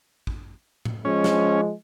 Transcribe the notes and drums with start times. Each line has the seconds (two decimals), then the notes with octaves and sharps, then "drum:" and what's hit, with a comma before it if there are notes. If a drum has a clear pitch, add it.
0.27 drum: kick
0.85 drum: tom A2
1.05 F3 G#3 C#4
1.24 drum: snare